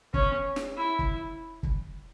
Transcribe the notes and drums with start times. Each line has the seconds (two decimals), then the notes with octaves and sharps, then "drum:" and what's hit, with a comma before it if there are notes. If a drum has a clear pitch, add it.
0.14 C#4, drum: kick
0.56 drum: snare
0.77 E4
0.99 drum: kick
1.63 drum: kick